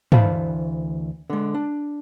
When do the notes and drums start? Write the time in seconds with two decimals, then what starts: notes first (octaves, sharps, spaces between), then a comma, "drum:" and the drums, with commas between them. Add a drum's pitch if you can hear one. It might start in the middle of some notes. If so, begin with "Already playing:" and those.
0.12 D2 E3 C5 F5 A5 B5, drum: tom
1.30 D3 G#3
1.54 D4